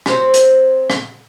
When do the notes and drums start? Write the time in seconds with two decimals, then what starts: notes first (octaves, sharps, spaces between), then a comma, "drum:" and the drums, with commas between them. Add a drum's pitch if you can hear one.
0.06 F#3 C4, drum: rim click
0.34 drum: hi-hat
0.90 drum: rim click